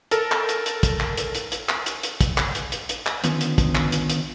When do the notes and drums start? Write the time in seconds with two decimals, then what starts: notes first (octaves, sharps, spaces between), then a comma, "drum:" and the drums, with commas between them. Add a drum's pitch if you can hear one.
0.11 A4 A#4, drum: hi-hat
0.32 drum: clap
0.49 drum: hi-hat
0.66 drum: hi-hat
0.83 drum: kick, hi-hat
1.00 drum: clap
1.17 drum: hi-hat
1.35 drum: hi-hat
1.52 drum: hi-hat
1.69 drum: clap
1.86 drum: hi-hat
2.03 drum: hi-hat
2.21 drum: kick, hi-hat
2.38 drum: clap
2.55 drum: hi-hat
2.72 drum: hi-hat
2.89 drum: hi-hat
3.06 drum: clap
3.24 D3 D#3 B3 C#4 F4, drum: hi-hat
3.41 drum: hi-hat
3.58 drum: kick, hi-hat
3.75 drum: clap
3.92 drum: hi-hat
4.10 drum: hi-hat